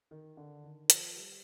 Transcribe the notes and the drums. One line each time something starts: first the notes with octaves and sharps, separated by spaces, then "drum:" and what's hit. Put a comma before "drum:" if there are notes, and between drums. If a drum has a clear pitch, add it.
D#3
D3
D#3
F3, drum: hi-hat
G3